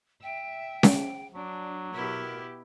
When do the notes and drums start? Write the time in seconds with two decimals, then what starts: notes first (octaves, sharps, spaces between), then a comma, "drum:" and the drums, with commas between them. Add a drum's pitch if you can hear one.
0.23 E5 G5
0.83 drum: snare C#4
1.34 F#3 D4
1.94 B2 B3 E4 G4 A#4